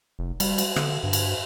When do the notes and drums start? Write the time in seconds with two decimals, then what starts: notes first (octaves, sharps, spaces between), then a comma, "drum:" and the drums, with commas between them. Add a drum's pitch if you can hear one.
0.19 F1
0.40 G3, drum: cymbal
0.58 drum: cymbal
0.76 D3, drum: rim click
1.03 G2
1.13 drum: cymbal